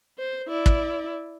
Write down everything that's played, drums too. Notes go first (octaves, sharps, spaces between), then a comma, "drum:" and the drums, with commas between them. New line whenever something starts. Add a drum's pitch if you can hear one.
C5
E4 D5
drum: kick